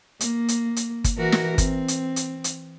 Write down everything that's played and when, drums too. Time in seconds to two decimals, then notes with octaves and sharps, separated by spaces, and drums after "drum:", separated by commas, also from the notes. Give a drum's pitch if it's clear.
0.21 A#3, drum: hi-hat
0.48 drum: hi-hat
0.76 drum: hi-hat
1.04 drum: kick G1, hi-hat
1.17 E3 F#4 A#4
1.32 drum: snare
1.58 C4, drum: kick G1, hi-hat
1.88 drum: hi-hat
2.16 drum: hi-hat
2.44 drum: hi-hat